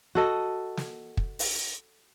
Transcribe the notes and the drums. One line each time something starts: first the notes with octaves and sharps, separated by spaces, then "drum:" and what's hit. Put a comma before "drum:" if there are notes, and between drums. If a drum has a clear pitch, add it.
F#4 A4 D#5
drum: snare
drum: kick
drum: open hi-hat